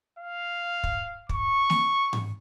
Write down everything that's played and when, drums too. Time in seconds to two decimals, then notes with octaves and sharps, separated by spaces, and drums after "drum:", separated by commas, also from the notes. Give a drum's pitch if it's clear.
0.19 F5
0.84 drum: kick
1.29 C#6, drum: kick
1.70 drum: snare
2.13 drum: tom G#2